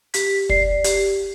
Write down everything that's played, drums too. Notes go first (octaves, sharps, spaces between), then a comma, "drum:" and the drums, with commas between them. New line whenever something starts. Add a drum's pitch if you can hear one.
G4 B6, drum: hi-hat
D5 C7, drum: kick
G4, drum: hi-hat